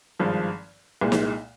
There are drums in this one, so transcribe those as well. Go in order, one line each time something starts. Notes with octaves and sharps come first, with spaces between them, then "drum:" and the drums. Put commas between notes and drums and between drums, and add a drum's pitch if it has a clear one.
G#1 G2 F3 G#3
C2 A#2 G#3
drum: snare